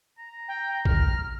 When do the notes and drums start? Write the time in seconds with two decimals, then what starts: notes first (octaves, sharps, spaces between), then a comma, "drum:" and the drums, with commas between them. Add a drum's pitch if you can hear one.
0.19 A#5
0.48 G5
0.85 F6, drum: kick